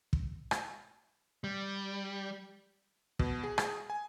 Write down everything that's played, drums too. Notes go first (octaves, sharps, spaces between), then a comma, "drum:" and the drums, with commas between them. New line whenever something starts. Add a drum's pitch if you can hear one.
drum: kick
drum: rim click
G3
B2, drum: kick
G#4
drum: rim click
G#5